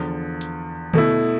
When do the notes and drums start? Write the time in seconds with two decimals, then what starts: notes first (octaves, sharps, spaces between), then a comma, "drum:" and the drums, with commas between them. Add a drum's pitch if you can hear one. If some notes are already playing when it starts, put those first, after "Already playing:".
Already playing: E2 D3 F3
0.41 drum: hi-hat
0.94 B2 A3 E4, drum: tom D3